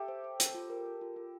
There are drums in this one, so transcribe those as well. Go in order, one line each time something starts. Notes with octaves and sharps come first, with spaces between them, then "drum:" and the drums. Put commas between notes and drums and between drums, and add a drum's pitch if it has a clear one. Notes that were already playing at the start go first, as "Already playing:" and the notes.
Already playing: G4 A4 E5
C5
C5
C5, drum: hi-hat
F4
A#4
A#4
F4
F4